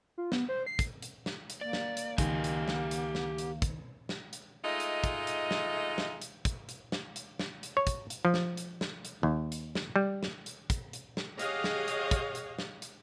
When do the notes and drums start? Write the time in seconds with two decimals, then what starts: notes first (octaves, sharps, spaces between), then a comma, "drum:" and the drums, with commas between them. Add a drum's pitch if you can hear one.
0.18 F4
0.32 B3, drum: snare
0.49 C5
0.67 C7
0.79 drum: kick, hi-hat
1.03 drum: hi-hat
1.26 drum: snare
1.50 drum: hi-hat
1.61 A#3 D5
1.73 drum: snare
1.97 drum: hi-hat
2.18 C#2 D#3 G4 D#5 G#5, drum: kick, hi-hat
2.44 drum: hi-hat
2.68 drum: snare
2.91 drum: hi-hat
3.15 drum: snare
3.38 drum: hi-hat
3.62 drum: kick, hi-hat
4.09 drum: snare
4.33 drum: hi-hat
4.65 G#3 A3 D#4 F4 D#5
4.80 drum: hi-hat
5.04 drum: kick, hi-hat
5.27 drum: hi-hat
5.51 drum: snare
5.98 drum: snare
6.22 drum: hi-hat
6.45 drum: kick, hi-hat
6.69 drum: hi-hat
6.92 drum: snare
7.16 drum: hi-hat
7.39 drum: snare
7.63 drum: hi-hat
7.77 C#5
7.87 drum: kick, hi-hat
8.10 drum: hi-hat
8.25 F3
8.34 drum: snare
8.57 drum: hi-hat
8.81 drum: snare
9.05 drum: hi-hat
9.23 D#2
9.52 drum: hi-hat
9.75 drum: snare
9.96 G3
10.23 drum: snare
10.46 drum: hi-hat
10.70 drum: kick, hi-hat
10.93 drum: hi-hat
11.17 drum: snare
11.39 G4 G#4 C#5 D#5 F5 F#5, drum: hi-hat
11.64 drum: snare
11.88 drum: hi-hat
12.11 drum: kick, hi-hat
12.35 drum: hi-hat
12.59 drum: snare
12.82 drum: hi-hat